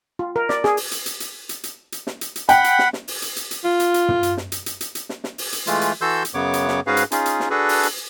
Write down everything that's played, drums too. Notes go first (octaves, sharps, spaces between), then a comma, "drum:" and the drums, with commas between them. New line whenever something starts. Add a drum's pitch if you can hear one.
F4
A#4
D5, drum: snare
G#4, drum: snare
drum: open hi-hat
drum: hi-hat
drum: hi-hat
drum: hi-hat
drum: hi-hat
drum: hi-hat
drum: hi-hat
drum: snare
drum: hi-hat
drum: hi-hat
F#5 G5 B5, drum: hi-hat
drum: hi-hat
drum: snare
drum: snare
drum: open hi-hat
drum: hi-hat
drum: hi-hat
drum: hi-hat
F4
drum: hi-hat
drum: hi-hat
drum: tom
drum: hi-hat
drum: snare
drum: hi-hat
drum: hi-hat
drum: hi-hat
drum: hi-hat
drum: snare
drum: snare
drum: open hi-hat
drum: hi-hat
E3 G#3 A3 F4, drum: hi-hat
drum: hi-hat
E3 F#4 A4 C6 E6 G6
drum: hi-hat
F#2 C#3 B3 C#5 D6
drum: hi-hat
drum: snare
G#2 C#4 F#4 G#4 B4 F5
drum: hi-hat
C#4 D#4 F4 G#4, drum: hi-hat
drum: hi-hat
drum: snare
D4 F#4 G#4 A4 B4
drum: open hi-hat
drum: hi-hat